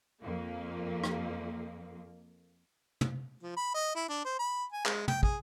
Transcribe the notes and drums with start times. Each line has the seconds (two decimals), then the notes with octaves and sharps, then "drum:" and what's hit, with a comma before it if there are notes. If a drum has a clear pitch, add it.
0.23 F2 A#3
1.04 drum: rim click
3.01 drum: tom
3.43 F3
3.57 B5
3.74 D#5
3.96 E4
4.09 D4
4.25 C5
4.39 B5
4.72 G#5
4.86 G#3, drum: clap
5.08 G5, drum: tom
5.23 G#4, drum: kick